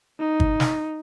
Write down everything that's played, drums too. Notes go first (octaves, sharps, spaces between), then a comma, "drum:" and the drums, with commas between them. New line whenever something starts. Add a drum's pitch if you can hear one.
D#4
drum: kick G1
drum: snare